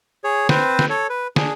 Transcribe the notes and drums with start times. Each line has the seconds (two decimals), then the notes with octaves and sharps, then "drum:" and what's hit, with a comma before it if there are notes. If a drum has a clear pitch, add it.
0.24 G#4 C#5
0.49 C4 B4 C5, drum: snare
0.79 drum: snare
0.90 A4 C#5
1.09 B4
1.36 D4 G#4, drum: snare